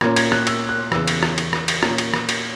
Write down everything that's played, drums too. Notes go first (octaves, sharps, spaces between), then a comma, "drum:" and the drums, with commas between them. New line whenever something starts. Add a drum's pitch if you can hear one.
A#2 A#3 C#4 G#6, drum: rim click
G#6, drum: cymbal
F#6, drum: rim click
E6, drum: cymbal
F#6
E2 C#3 E3 E6, drum: rim click
drum: cymbal
drum: rim click
drum: cymbal
drum: rim click
drum: cymbal
A#2 A#3 C#4, drum: rim click
drum: cymbal
drum: rim click
drum: cymbal